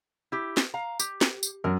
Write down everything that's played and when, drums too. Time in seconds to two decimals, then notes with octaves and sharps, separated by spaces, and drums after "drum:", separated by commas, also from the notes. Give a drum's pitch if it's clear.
0.32 E4 G4
0.57 drum: snare
0.74 F5 A#5
0.99 G4, drum: tambourine
1.21 drum: snare
1.43 drum: tambourine
1.64 F#2 A#4